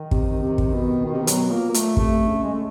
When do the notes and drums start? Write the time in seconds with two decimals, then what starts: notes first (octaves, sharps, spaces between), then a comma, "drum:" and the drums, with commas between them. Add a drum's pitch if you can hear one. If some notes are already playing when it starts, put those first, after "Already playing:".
Already playing: D#3
0.11 C3, drum: kick
0.42 C3
0.58 drum: kick
0.74 B2
1.05 B2 D#3
1.14 C3
1.22 B2
1.27 F#3, drum: hi-hat
1.51 A#2 A#3
1.70 A#3
1.74 A3, drum: hi-hat
1.97 C3 A3, drum: kick
2.28 C#3
2.43 G#3
2.53 A3